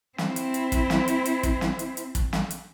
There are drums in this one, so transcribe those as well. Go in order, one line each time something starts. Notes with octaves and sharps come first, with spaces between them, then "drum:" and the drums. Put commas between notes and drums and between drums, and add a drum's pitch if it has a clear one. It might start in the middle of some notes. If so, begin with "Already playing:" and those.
C4 E4, drum: snare
drum: hi-hat
drum: hi-hat
drum: kick, hi-hat
drum: snare
drum: hi-hat
drum: hi-hat
drum: kick, hi-hat
drum: snare
drum: hi-hat
drum: hi-hat
drum: kick, hi-hat
drum: snare
drum: hi-hat